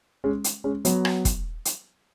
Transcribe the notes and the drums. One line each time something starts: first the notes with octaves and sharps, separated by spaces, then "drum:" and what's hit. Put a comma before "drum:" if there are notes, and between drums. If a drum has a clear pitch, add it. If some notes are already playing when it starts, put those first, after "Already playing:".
G#3 C#4
drum: hi-hat
G#3 C#4
F#3 B3, drum: hi-hat
drum: rim click
drum: kick, hi-hat
drum: hi-hat